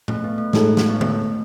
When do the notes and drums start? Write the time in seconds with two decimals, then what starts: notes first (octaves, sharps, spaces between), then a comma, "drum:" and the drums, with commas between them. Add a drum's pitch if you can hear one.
0.08 A3, drum: tom A2
0.24 B3
0.38 A3
0.53 A2 G#3 A3 D#4 A4, drum: snare
0.77 A3, drum: snare
0.89 B3
1.01 A3, drum: tom D3